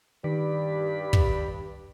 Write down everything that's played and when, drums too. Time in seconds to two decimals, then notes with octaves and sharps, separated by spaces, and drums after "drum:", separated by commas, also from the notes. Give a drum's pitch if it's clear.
0.24 G2 D#3 G3 D5 B5
1.13 drum: kick